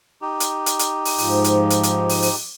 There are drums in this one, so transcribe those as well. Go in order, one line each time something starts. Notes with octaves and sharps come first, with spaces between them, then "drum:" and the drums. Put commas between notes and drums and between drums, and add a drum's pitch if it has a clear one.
D#4 G4
drum: hi-hat
drum: hi-hat
drum: hi-hat
drum: open hi-hat
G#2 F3, drum: open hi-hat
drum: hi-hat
drum: hi-hat
drum: hi-hat
drum: open hi-hat
drum: open hi-hat